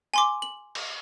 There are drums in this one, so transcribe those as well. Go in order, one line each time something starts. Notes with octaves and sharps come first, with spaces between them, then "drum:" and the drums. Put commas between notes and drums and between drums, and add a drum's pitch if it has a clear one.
G#5 C6 D6
F#7
drum: cymbal